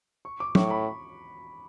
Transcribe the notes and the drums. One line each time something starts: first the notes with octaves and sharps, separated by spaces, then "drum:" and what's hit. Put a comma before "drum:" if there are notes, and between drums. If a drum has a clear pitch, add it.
C#6
D6
A2 C#6, drum: tom
B5